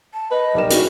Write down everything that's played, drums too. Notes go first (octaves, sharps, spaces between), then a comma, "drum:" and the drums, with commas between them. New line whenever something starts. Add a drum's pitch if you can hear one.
A5
B4 D#5
B1 G3 A#4 E7
C#4 D#4 E4 F#4, drum: hi-hat